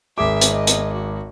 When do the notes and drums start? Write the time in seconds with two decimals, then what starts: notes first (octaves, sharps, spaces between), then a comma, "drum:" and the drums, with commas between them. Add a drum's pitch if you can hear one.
0.18 G#1 G#4 E5 D6
0.41 drum: hi-hat
0.52 D#5
0.67 drum: hi-hat
0.93 F#4